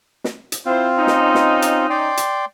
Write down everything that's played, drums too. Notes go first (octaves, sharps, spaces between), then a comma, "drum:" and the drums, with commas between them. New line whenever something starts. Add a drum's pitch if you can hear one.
drum: snare
drum: hi-hat
C4 E4 F4 C5
C#4 D#4
drum: snare
drum: snare
drum: hi-hat
D5 G5 C6
drum: hi-hat